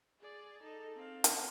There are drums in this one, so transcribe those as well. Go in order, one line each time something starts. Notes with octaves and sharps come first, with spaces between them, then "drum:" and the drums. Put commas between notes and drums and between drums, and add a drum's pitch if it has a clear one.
G#4 D5
D#4 A4
C4 F5
drum: hi-hat